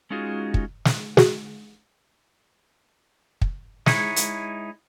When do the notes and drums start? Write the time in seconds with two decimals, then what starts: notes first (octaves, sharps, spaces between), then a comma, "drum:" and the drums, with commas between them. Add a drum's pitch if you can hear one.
0.10 G#3 C#4 D#4 F4 F#4 G#4
0.54 drum: kick
0.85 drum: snare
1.17 F#4 G#4, drum: snare
3.41 drum: kick
3.86 G#3 D#4 E4 C#5, drum: snare
4.16 drum: hi-hat